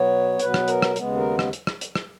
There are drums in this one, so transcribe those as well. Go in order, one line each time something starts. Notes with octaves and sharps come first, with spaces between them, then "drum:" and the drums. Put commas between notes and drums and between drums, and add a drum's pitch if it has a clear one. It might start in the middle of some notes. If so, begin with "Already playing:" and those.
Already playing: B2 F#3 B3 C#5
B2 F#3 B3 B4, drum: hi-hat
drum: rim click
A#4, drum: hi-hat
drum: rim click
D#2 C#3 G#3 B3, drum: hi-hat
A#4
drum: rim click
drum: hi-hat
drum: rim click
drum: hi-hat
drum: rim click